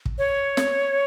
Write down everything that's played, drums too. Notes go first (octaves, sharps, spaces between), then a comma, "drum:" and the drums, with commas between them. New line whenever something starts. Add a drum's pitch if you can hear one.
drum: kick
C#5
drum: snare